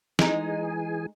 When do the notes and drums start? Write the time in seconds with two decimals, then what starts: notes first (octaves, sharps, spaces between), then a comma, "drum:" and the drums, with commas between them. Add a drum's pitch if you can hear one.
0.19 E3 G#3 D#4 G#4 G#5, drum: snare